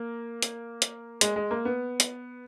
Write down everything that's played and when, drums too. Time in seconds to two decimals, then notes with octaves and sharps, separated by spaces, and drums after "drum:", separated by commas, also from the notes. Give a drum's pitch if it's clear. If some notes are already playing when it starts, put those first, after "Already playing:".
Already playing: A#3
0.42 drum: hi-hat
0.82 drum: hi-hat
1.21 G#3, drum: hi-hat
1.36 G#3
1.51 A#3
1.65 B3
2.00 drum: hi-hat